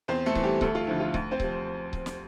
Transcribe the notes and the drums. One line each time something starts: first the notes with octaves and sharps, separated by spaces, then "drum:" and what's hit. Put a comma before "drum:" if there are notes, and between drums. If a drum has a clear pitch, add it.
E2 C4 C5
A3 A4
E3, drum: kick C#1
G3 G4
D2 A3 A4, drum: kick C#1
F4
D3 F3 E4
F4
D2, drum: kick C#1
C4 C5
C3 F3, drum: kick C#1
drum: kick C#1
drum: snare